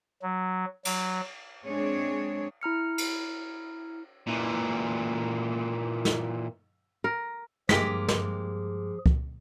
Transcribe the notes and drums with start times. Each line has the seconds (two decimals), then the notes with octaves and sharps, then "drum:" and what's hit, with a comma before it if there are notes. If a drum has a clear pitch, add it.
0.22 F#3
0.85 F#3, drum: cymbal
1.66 G#3 C4 D4 G#4 C#5
2.61 E4 A#5 F6 C#7
2.98 drum: cymbal
4.27 A#2 E3
6.05 drum: snare
7.04 A#4
7.69 G2 F3 G#3 A#3 G4 G#4 B6, drum: snare
8.08 drum: snare
9.06 drum: kick C#2